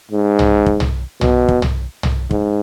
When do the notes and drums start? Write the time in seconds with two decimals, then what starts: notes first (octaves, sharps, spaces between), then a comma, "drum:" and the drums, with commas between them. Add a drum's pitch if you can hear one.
0.12 G#2
0.39 drum: tom
0.66 drum: kick
0.80 drum: tom
1.21 B2, drum: tom
1.48 drum: kick
1.62 drum: tom
2.03 drum: tom
2.31 G#2, drum: kick